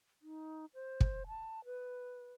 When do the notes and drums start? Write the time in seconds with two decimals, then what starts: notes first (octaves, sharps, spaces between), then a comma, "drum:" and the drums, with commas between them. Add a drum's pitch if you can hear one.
0.22 D#4
0.74 C5
1.00 drum: kick
1.28 A5
1.65 B4